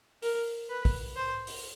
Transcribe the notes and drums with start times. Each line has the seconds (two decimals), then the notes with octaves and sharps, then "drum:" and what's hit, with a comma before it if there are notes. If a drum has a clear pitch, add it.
0.22 A#4, drum: open hi-hat
0.70 B4
0.85 drum: kick, open hi-hat
1.16 C5
1.47 drum: open hi-hat